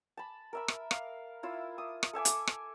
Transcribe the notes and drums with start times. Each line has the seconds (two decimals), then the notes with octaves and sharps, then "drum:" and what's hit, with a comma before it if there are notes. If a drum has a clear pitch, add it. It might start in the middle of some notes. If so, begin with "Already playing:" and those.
0.17 A5 B5
0.53 A#4 E5 B5
0.68 drum: rim click
0.91 F5, drum: rim click
1.43 E4 F4 E5
1.78 D#6
2.03 drum: rim click
2.13 A4 E5 G#5 D6
2.25 drum: hi-hat
2.47 drum: rim click